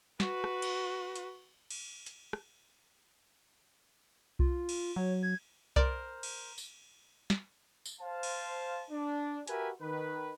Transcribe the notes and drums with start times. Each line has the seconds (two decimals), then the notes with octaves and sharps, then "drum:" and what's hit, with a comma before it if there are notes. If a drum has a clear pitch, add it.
0.20 F#4 B4, drum: snare
0.44 drum: rim click
0.62 drum: cymbal
1.16 drum: hi-hat
1.70 drum: cymbal
2.06 drum: hi-hat
2.33 drum: rim click
4.39 F4, drum: kick C2
4.69 drum: cymbal
4.96 F#3 C#5
5.23 G#6
5.76 A#4 C5 D5, drum: kick C2
6.23 drum: cymbal
6.58 drum: tambourine
7.30 drum: snare
7.86 drum: tambourine
8.02 C5 F5 A5
8.23 drum: cymbal
8.91 D4
9.47 F#4 G4 A#4 B4 E5 G#5, drum: hi-hat
9.81 D#3 B4